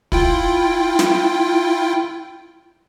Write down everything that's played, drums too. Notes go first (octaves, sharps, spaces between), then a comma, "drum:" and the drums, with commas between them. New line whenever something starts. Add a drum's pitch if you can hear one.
E4 F4 G5, drum: kick
drum: snare